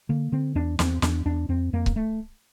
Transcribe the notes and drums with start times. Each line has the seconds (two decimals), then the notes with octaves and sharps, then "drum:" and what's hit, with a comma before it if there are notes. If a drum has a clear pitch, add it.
0.09 D3 A#3
0.32 D3 C4
0.55 E2 D4
0.79 E2 C4, drum: snare
1.02 E2 D4, drum: snare
1.26 E2 D4
1.49 F2 C4
1.73 F2 A#3
1.86 drum: kick C#1
1.96 A3